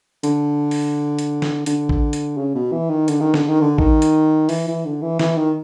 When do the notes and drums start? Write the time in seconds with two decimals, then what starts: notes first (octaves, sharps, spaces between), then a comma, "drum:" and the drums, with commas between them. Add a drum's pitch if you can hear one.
0.23 D3, drum: hi-hat
0.71 drum: open hi-hat
1.19 drum: hi-hat
1.42 drum: snare
1.66 D3, drum: hi-hat
1.89 drum: kick A1
2.13 drum: hi-hat
2.37 C#3
2.55 B2
2.72 E3
2.90 D#3
3.08 D3, drum: hi-hat
3.20 D#3
3.34 D3, drum: snare
3.48 D#3
3.61 D3
3.78 D#3, drum: kick A1
4.02 drum: hi-hat
4.49 E3, drum: open hi-hat
4.67 E3
4.85 D3
5.02 E3
5.19 E3, drum: snare
5.37 D#3